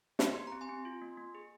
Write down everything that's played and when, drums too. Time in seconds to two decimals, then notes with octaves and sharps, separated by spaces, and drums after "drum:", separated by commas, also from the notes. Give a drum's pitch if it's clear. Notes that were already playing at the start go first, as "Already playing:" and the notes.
0.19 G4 C#6, drum: snare
0.33 G4 C6
0.47 C4 A#5
0.61 G#5 C6
0.69 C4
0.85 F4
1.02 A#3
1.17 A#3
1.35 G#4